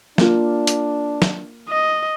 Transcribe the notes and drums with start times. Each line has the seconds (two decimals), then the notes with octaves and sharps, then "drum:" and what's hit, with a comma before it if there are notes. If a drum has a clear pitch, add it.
0.18 A#3 D4 F4, drum: snare
0.67 drum: hi-hat
1.22 drum: snare
1.69 D#5